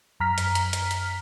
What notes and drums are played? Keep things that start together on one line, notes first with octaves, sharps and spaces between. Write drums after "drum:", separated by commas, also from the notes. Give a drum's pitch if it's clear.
F#2 A#5 F6 B6
drum: hi-hat
drum: hi-hat
drum: hi-hat
drum: hi-hat